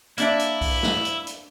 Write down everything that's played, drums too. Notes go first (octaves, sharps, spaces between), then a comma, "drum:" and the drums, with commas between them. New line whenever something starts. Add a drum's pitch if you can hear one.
A#3 D4 E4 E5, drum: hi-hat
drum: hi-hat
drum: kick B1, open hi-hat
drum: snare
drum: hi-hat
drum: hi-hat